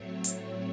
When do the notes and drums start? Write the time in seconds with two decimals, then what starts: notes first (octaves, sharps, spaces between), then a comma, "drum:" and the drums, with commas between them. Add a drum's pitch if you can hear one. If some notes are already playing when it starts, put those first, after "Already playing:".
Already playing: A2 F#3 A3 C4 C#5
0.24 drum: hi-hat